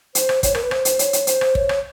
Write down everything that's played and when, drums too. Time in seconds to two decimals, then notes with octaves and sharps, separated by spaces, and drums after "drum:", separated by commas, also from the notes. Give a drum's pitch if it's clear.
0.15 C5, drum: hi-hat
0.29 drum: rim click
0.43 C#5, drum: kick, hi-hat
0.55 A#4, drum: rim click
0.63 B4
0.71 C5, drum: rim click
0.85 drum: hi-hat
0.99 C#5, drum: hi-hat
1.13 drum: hi-hat
1.27 C5, drum: hi-hat
1.41 drum: rim click
1.55 C#5, drum: kick
1.69 drum: rim click